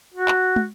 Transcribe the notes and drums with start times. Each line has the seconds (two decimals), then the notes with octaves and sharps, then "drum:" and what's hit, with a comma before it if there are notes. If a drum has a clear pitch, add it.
0.14 F#4
0.28 drum: clap
0.56 drum: tom